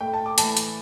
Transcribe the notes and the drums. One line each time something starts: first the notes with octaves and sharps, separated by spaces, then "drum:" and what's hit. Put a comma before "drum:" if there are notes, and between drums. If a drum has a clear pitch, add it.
A3 G5
A2
A5
D6
A2 E3 A3 A5, drum: hi-hat
drum: hi-hat